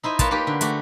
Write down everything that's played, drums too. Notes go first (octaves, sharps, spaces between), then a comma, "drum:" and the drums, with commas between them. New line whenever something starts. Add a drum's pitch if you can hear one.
D#4 E4 C5 D#5
A#3 F4 B4 C#5 F5 A5, drum: kick, hi-hat
A#3 D#4 G4 B4
D3
A3 F#4 G4, drum: hi-hat